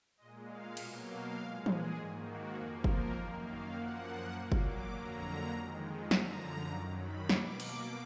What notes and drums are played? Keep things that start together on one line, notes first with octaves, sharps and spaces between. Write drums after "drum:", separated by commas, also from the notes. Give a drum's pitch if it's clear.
A#2 G#3 D#5
F5
B2 F#3 A#3, drum: cymbal
F5
A#2 G#3 F5
G#4, drum: tom E3
G#2 D#3 A#3
F#4
F2 F3 A#3 G#4
A#4, drum: kick F#1
F#2 D#3 A#3
F5
F#2 F3 A#3 F#5
A#2 F#3 A#3
drum: kick F#1
D6
F2 D3 F#3 A#3 A#5
F2 D#3 G#3
F#2 D3 F3 A#5, drum: snare
F#2 D#3 F#3 D6
B5
B2 A#3 D6, drum: snare
drum: cymbal